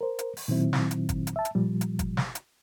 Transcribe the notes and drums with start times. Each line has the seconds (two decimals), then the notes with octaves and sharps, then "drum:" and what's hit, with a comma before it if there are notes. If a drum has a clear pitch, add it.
0.01 A#4 C5
0.19 drum: hi-hat
0.37 drum: open hi-hat
0.48 A#2 D#3 F#3 C4 E4
0.73 drum: snare
0.91 drum: hi-hat
1.09 drum: kick, hi-hat
1.27 drum: hi-hat
1.36 E5 A5
1.45 drum: hi-hat
1.55 A#2 F3 G3
1.81 drum: hi-hat
1.99 drum: kick, hi-hat
2.17 drum: snare
2.35 drum: hi-hat